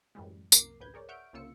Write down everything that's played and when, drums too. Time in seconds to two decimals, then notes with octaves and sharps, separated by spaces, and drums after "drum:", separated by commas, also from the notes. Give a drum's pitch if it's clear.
0.15 F#2 A2 E3 G3 G#3
0.52 C2 F#2 A#3 A#4 D6 C7, drum: tambourine
0.80 A1 D2 B4 G6 G#6
0.94 G#4 A#4 C#5 D5
1.09 E5 F#5 C#6 F6 G6 D7
1.33 C2 C#3 A#3 F4 E6 C#7